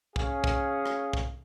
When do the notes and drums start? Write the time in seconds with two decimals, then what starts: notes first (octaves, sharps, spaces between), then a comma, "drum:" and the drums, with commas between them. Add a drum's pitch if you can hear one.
0.16 C#4 G#4 F5, drum: kick
0.44 drum: kick
0.86 drum: rim click
1.13 drum: kick